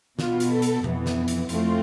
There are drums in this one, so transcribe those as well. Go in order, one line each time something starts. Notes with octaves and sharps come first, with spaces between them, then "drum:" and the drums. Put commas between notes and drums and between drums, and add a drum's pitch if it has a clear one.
B2 B3 F4, drum: snare
drum: hi-hat
A4
drum: hi-hat
F2 E3 B3, drum: tom B2
drum: snare
drum: hi-hat
F2 E3 A3 C4 F4, drum: hi-hat